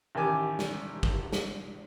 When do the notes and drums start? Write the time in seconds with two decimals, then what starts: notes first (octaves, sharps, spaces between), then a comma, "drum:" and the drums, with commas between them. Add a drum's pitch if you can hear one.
0.15 A1 D#3 G4 G#5 D6
0.59 drum: snare
1.03 drum: kick
1.32 drum: snare